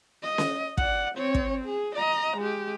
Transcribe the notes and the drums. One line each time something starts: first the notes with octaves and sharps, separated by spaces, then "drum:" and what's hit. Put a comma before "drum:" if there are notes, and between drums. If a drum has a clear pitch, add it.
D#5
drum: snare C#4
D5 F#5, drum: kick
C4 C#5
drum: kick
G#4
D#5 A#5
G#3 G4